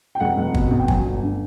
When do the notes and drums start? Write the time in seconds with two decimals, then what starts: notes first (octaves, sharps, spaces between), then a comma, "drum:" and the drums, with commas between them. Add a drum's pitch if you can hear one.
0.15 G5
0.20 F1 F#5
0.37 F1
0.54 B2, drum: kick
0.71 E2
0.80 G5
0.88 F#3 G#5, drum: kick
1.05 G1
1.23 D3